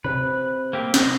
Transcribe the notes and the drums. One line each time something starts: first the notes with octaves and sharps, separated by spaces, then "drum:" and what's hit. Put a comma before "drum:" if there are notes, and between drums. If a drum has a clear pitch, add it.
C3 B4
A#3 C4 G4
D#5, drum: snare